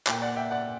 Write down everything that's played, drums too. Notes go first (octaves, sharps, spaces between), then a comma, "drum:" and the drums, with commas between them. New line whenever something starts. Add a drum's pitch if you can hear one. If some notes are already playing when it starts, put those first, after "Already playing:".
A#2 A#3 G5, drum: clap
D5 F#5
E5 G5
D5 F#5